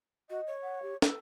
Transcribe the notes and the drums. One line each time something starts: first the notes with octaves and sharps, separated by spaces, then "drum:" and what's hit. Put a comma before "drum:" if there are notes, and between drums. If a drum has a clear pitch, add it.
F#4 D#5
C#5
F#5
G4
A4 B4, drum: snare